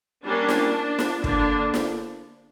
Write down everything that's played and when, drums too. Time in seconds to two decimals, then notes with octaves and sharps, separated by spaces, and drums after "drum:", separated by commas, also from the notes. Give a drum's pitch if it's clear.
0.24 G3 A#3 C#4 D4
0.49 drum: snare
0.99 drum: snare
1.24 D3 A#3 D4, drum: kick
1.74 drum: snare